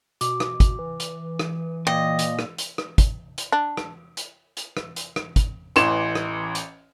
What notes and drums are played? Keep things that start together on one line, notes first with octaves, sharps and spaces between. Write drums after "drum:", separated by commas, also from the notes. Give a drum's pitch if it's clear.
B2 D6, drum: hi-hat
drum: rim click
drum: kick, hi-hat
E3
drum: hi-hat
drum: rim click
A#2 D#5 G5
drum: hi-hat
drum: rim click
drum: hi-hat
drum: rim click
drum: kick, hi-hat
drum: hi-hat
D4
drum: rim click
drum: hi-hat
drum: hi-hat
drum: rim click
drum: hi-hat
drum: rim click
drum: kick, hi-hat
A1 E3 C6 E7, drum: hi-hat
drum: rim click
drum: hi-hat